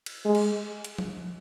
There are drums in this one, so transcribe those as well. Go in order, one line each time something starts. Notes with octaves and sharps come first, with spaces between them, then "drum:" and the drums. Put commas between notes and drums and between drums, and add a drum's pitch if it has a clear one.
drum: cymbal
G#3
drum: cymbal
drum: hi-hat
drum: tom F3